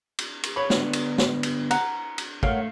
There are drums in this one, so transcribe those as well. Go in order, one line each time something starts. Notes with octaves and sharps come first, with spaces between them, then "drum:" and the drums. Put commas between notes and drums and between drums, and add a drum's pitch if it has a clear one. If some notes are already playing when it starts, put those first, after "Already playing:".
drum: cymbal
drum: cymbal
C#5 B5
D3 B3 D4, drum: snare
drum: cymbal
drum: snare
drum: cymbal
F#5 A#5, drum: cymbal
drum: cymbal
A3 A#4 C#5 F5 F#5, drum: kick